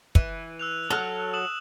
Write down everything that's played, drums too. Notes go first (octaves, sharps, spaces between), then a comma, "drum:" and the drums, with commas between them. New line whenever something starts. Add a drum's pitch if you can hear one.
E3, drum: kick
E6 F#6 F7
F#3 A4 F6
D#6 E7 F#7